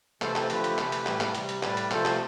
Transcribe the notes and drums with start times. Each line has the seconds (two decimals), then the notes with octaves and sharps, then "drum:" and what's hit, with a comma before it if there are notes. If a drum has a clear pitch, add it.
0.22 C3 E3 A3 A4 C5, drum: clap
0.36 A4 C5, drum: clap
0.50 D3 F3 A3 G4 B4, drum: hi-hat
0.64 drum: hi-hat
0.78 C3 E3 A3, drum: clap
0.92 drum: hi-hat
1.06 A2 E3 G3, drum: clap
1.21 drum: clap
1.35 C3 G3, drum: hi-hat
1.49 drum: hi-hat
1.63 A2 G3 B4 D5, drum: clap
1.77 drum: hi-hat
1.91 C3 F3 A3 A4 C5, drum: clap
2.05 drum: clap